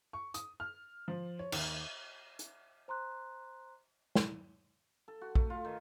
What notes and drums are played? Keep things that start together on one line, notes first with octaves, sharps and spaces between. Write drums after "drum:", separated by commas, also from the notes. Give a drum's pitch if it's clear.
C#6
D#6, drum: hi-hat
F6
F3
C#5
D#2, drum: cymbal
drum: hi-hat
C5 A#5 C6 F#6
drum: snare
A4
F#4
A3, drum: kick A#1
F4
D#3